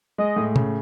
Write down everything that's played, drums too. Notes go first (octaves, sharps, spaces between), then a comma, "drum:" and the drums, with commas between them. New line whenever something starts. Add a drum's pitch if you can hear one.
G#3 D#5
A2
C#3, drum: tom